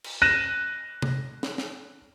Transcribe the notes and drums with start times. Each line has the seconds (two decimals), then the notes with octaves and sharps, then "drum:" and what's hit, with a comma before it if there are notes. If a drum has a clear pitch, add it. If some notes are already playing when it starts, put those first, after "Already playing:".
0.04 drum: cymbal
0.22 F#6 A#6 D#7 E7
1.02 drum: tom C3
1.43 drum: snare
1.58 drum: snare